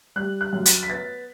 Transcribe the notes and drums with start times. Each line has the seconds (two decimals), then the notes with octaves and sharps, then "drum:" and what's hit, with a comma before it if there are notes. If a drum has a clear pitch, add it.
0.16 G3 F#6
0.41 F#6
0.53 F#2
0.66 A6, drum: hi-hat
0.83 B6
0.90 B3 A6